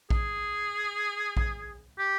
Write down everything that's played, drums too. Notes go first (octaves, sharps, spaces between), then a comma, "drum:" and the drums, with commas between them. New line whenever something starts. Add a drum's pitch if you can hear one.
G#4, drum: kick A#1
drum: kick A#1
G4